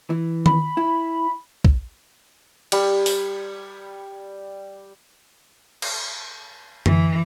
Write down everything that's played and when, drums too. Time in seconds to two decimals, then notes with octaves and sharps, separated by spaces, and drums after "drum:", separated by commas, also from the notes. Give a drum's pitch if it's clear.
0.10 E3
0.46 B5, drum: tom D#3
0.77 E4
1.64 drum: kick
2.72 G3 B5, drum: cymbal
3.06 drum: open hi-hat
5.82 drum: cymbal
6.86 E3, drum: tom F#2